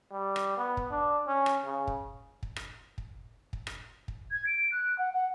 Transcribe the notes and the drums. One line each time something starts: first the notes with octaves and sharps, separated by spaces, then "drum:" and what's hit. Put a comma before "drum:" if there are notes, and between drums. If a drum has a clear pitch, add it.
G3
drum: rim click
B3
drum: kick
D4
C#4
drum: rim click
C#3
drum: kick
drum: kick
drum: rim click
drum: kick
drum: kick
drum: rim click
drum: kick
G#6
D7
F#6
F#5
F#5